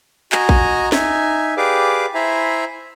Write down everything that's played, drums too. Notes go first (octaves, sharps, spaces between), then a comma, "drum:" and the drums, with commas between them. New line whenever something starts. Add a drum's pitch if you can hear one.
F#4 D#5 G#5 A#5, drum: clap
drum: kick A1
D#4 E5 G#5, drum: snare
G4 G#4 B4 D5 F5 D6
E4 C5 E5 G#5 A#5 B5